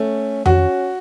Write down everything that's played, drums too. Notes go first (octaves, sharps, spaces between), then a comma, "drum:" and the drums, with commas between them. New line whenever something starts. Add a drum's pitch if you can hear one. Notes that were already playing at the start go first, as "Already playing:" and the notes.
Already playing: A3 C#4
C#4 F#4, drum: tom F2